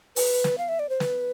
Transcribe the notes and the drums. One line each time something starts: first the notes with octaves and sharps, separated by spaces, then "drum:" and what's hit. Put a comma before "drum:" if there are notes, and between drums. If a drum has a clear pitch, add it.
B4, drum: open hi-hat
drum: snare
F5
E5
D5
C5
B4, drum: snare